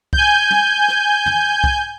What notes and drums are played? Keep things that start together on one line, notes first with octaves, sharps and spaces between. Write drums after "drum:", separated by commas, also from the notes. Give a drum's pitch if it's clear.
G#5 G6, drum: kick
drum: tom
drum: rim click
drum: tom
drum: kick